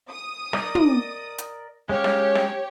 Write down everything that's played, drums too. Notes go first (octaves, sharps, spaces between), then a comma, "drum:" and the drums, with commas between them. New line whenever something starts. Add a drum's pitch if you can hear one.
D#6
A#4 D5 D#5, drum: snare
drum: tom
drum: hi-hat
G#3 C#4 G4 C#5 F5
drum: snare
drum: snare